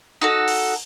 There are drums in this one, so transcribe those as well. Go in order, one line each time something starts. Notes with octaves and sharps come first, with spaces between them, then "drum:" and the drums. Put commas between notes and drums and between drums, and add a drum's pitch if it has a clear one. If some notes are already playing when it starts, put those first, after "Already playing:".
D#4 F#4 A4
drum: open hi-hat